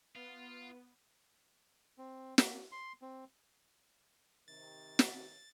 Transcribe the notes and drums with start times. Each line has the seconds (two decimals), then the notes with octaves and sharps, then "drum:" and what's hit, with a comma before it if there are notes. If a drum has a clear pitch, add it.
0.16 B3 F4
1.98 C4
2.38 A#3, drum: snare
2.72 C6
3.02 C4
4.48 C3 D#3 A6
4.99 drum: snare